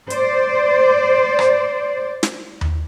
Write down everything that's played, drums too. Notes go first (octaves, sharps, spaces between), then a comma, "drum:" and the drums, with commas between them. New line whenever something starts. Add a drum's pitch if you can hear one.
C5 D5, drum: hi-hat
drum: rim click
drum: snare
drum: tom D#2